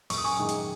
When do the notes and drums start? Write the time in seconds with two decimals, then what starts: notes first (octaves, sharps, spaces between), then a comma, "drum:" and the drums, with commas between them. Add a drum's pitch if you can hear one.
0.10 F#2 C#6, drum: open hi-hat
0.18 D#6
0.24 G#5 C#6
0.39 D#3 G#3 D#4
0.49 drum: hi-hat